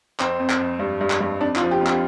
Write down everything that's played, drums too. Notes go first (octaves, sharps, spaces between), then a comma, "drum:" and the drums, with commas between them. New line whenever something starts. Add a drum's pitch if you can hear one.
F2 C4, drum: clap
F2
drum: clap
F2
G2
G2
drum: clap
G2
F2 D4
F4, drum: clap
F3
G4
F2
G4, drum: clap